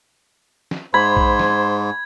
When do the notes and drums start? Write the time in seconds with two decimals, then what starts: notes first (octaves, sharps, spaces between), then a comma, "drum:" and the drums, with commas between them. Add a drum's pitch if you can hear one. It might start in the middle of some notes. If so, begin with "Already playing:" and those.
0.71 drum: snare
0.94 G#2 C5 B5 G#6
1.17 drum: kick A#1
1.39 drum: snare